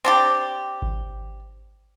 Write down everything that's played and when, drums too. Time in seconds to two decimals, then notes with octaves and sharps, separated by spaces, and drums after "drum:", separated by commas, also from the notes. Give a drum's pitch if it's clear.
0.05 C4 D4 G4
0.82 drum: kick G#1